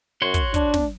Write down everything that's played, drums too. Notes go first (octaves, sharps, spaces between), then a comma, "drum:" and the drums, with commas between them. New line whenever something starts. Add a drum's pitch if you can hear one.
F#2 F#4 C#5 C6
drum: kick, hi-hat
D4, drum: kick, hi-hat
drum: snare